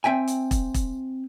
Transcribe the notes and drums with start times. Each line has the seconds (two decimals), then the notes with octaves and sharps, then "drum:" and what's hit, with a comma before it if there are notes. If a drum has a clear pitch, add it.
0.04 C4 E5 G5 G#5
0.27 drum: hi-hat
0.51 drum: kick E1, hi-hat
0.74 drum: kick E1, hi-hat